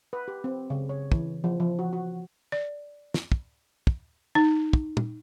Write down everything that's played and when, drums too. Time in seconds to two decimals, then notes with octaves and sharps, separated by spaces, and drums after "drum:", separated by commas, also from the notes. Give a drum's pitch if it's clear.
0.13 B4
0.28 G4
0.44 C4
0.70 C#3
0.89 C#5
1.12 E3, drum: kick
1.44 F3
1.60 F3
1.79 F#4
1.93 F#4
2.52 D5
3.14 drum: snare
3.32 drum: kick
3.87 drum: kick
4.35 D#4
4.73 drum: kick
4.97 drum: tom